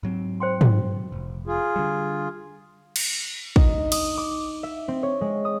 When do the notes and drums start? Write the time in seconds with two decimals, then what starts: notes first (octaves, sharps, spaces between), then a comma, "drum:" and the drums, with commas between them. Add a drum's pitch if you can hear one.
0.03 G#2 F#3 C4
0.40 C5 G5 C6
0.61 drum: tom
1.12 F1
1.47 F4 G#4
1.76 D3 G3
2.96 drum: cymbal
3.56 D#4, drum: kick
3.92 D#6, drum: cymbal
4.18 D6
4.63 E5
4.88 C4
5.03 C#5
5.21 G#3
5.45 D#6